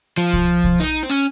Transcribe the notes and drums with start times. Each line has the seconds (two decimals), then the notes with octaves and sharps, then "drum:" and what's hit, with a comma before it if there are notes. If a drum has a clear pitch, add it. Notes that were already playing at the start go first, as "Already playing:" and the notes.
0.18 F3
0.33 drum: kick
0.64 drum: kick
0.80 D#4
1.03 C4
1.09 C#4